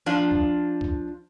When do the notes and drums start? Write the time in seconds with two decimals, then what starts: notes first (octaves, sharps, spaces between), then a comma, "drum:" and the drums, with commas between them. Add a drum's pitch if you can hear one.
0.06 F3 D4 F4
0.31 drum: kick
0.81 drum: kick